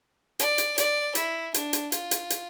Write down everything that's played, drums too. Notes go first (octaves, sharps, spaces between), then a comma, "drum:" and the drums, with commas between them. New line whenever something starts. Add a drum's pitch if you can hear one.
D5, drum: hi-hat
drum: hi-hat
D5, drum: hi-hat
E4, drum: hi-hat
D4, drum: hi-hat
drum: hi-hat
F4, drum: hi-hat
drum: hi-hat
drum: hi-hat